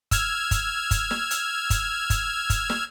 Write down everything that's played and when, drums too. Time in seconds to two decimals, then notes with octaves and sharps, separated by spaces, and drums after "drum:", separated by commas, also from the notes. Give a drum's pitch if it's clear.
0.11 E6 F6 G#6, drum: kick, hi-hat
0.51 drum: kick, hi-hat
0.91 drum: kick, hi-hat
1.11 drum: snare
1.31 drum: hi-hat
1.70 drum: kick, hi-hat
2.10 drum: kick, hi-hat
2.50 drum: kick, hi-hat
2.70 drum: snare